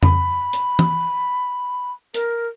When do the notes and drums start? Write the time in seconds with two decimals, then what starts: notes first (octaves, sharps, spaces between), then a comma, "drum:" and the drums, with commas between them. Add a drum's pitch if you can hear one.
0.03 B5, drum: tom F2
0.53 drum: hi-hat
0.79 drum: tom E3
2.14 A#4, drum: hi-hat